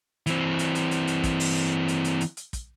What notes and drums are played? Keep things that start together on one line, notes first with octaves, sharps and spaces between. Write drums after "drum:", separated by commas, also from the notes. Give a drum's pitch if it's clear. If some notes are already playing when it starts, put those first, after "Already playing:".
E3 C4, drum: hi-hat
drum: hi-hat
drum: hi-hat
drum: hi-hat
drum: hi-hat
drum: kick, hi-hat
drum: open hi-hat
drum: hi-hat
drum: hi-hat
drum: hi-hat
drum: hi-hat
drum: kick, hi-hat